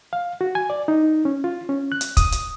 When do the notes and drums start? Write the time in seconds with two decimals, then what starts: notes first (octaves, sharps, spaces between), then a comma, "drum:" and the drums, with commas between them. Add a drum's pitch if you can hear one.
0.13 F5
0.41 F#4
0.55 G#5
0.70 D5
0.88 D#4
1.25 C#4
1.44 F4
1.69 C#4
1.92 F#6
2.01 drum: hi-hat
2.17 D#6, drum: kick, hi-hat
2.32 drum: hi-hat